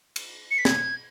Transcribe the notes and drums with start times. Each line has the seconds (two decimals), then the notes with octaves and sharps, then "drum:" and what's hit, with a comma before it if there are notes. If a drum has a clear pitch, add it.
0.16 drum: cymbal
0.51 C#7
0.58 B6
0.65 G#6, drum: snare